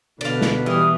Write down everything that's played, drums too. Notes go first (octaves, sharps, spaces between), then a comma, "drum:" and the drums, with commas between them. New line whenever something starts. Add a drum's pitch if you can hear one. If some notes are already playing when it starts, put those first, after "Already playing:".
B2 D3 B4 D5 F5, drum: cymbal
drum: snare
E3 G3 D#6 F6